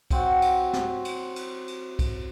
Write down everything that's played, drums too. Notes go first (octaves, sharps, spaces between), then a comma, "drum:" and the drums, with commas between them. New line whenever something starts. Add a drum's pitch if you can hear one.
F#3 C4 F#4, drum: kick B1, cymbal
drum: cymbal
drum: snare
drum: cymbal
drum: cymbal
drum: cymbal
drum: kick B1, cymbal